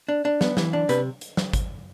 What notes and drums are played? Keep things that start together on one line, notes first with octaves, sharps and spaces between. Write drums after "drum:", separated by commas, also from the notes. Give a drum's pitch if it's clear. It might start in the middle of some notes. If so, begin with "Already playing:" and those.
D4
D4
B3, drum: snare
E3, drum: snare
D4
C3 B4, drum: hi-hat
drum: hi-hat
drum: snare
drum: kick G#1, hi-hat